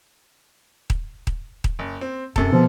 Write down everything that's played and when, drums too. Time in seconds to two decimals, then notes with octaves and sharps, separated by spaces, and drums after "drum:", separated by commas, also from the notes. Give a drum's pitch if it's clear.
0.90 drum: kick D#1
1.27 drum: kick D#1
1.64 drum: kick D#1
1.79 F#1
2.01 C4
2.36 F#2 C3 A4, drum: kick D#1
2.52 B2 F3